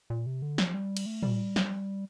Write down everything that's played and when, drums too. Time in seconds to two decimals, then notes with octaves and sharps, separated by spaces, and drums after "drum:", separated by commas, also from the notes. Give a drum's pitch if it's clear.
0.10 A#2
0.26 C3
0.42 D3
0.58 F3, drum: snare
0.74 G3
0.97 drum: cymbal
1.06 A3
1.23 G3, drum: tom A2
1.56 drum: snare